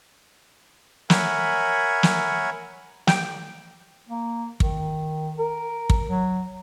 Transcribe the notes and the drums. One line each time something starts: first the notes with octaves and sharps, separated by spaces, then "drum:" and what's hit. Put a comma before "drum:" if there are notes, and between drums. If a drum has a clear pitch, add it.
A#4 C#5 E5 F#5 G#5 B5, drum: snare
drum: snare
G5, drum: snare
A#3
D#3, drum: kick
A#4
drum: kick
F#3